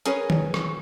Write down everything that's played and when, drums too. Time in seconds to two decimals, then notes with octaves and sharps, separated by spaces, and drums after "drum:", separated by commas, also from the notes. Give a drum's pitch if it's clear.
0.06 C#4 G#4 A#4 B4 C#5, drum: hi-hat
0.30 drum: tom D#3
0.54 drum: rim click